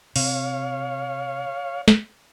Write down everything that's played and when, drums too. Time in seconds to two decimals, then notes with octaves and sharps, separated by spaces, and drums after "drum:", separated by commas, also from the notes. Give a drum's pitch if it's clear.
0.16 C3 C#5 F5, drum: open hi-hat
1.88 drum: snare